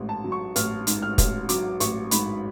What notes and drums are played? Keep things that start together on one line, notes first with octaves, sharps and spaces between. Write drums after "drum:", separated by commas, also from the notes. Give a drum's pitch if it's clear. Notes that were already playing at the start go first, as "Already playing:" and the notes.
Already playing: A1 G#2
A5
F#3
C#6
A1 F6, drum: hi-hat
G#2, drum: hi-hat
F6
A1, drum: kick F1, hi-hat
F#3 D6, drum: hi-hat
A1 C#6, drum: hi-hat
G#2 B5, drum: hi-hat